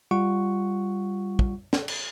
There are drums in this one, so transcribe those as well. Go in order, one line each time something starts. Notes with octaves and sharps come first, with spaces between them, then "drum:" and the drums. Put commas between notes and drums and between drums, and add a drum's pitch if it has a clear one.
G3 F4 F#5 C#6
drum: kick
drum: snare
drum: cymbal